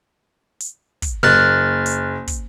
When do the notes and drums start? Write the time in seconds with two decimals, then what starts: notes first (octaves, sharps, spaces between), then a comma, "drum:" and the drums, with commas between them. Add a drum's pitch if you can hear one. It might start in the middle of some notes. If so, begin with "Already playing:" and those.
0.60 drum: hi-hat
1.02 drum: kick, hi-hat
1.23 F#1 F6 F#6 A6
1.86 drum: hi-hat
2.27 drum: kick, hi-hat